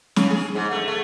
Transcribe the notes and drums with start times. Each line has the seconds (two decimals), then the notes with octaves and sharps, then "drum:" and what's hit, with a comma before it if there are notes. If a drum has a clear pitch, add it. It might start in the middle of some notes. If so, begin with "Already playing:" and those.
0.16 C#3, drum: snare
0.30 G#4
0.55 G#2
0.71 A3
0.88 A3